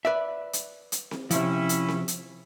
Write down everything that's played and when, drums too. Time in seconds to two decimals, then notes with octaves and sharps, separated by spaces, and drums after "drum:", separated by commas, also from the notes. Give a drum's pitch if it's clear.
0.05 B4 D5 E5
0.53 drum: hi-hat
0.92 drum: hi-hat
1.11 drum: snare C4
1.31 C3 F3 C#4 E4, drum: hi-hat
1.69 drum: hi-hat
1.88 drum: snare C4
2.08 drum: hi-hat